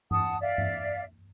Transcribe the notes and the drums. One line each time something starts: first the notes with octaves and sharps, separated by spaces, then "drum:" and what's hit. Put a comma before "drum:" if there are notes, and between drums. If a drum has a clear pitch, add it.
F#5 A5 D#6, drum: tom G2
D5 E5 F5
drum: tom G2